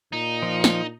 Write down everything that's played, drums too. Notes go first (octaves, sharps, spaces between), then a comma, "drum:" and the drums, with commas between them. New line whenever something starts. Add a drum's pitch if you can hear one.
A#2 D#4
F3
drum: snare